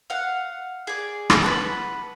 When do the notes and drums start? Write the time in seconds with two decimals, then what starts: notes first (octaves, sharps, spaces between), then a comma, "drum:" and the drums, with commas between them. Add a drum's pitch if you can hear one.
0.10 F5 F#5
0.87 G#4 D5
1.30 drum: rim click
1.43 B4 F#5 A5